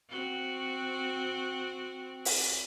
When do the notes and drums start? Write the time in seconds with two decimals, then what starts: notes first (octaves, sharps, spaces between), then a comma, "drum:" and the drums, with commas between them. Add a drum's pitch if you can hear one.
0.10 C4 F#4
2.25 drum: open hi-hat